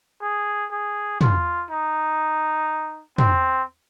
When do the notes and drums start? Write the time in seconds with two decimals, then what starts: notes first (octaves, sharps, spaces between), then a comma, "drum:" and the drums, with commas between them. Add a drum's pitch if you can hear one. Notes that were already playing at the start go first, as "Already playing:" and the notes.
0.22 G#4
0.71 G#4
1.21 F4, drum: tom
1.71 D#4
3.18 C4, drum: tom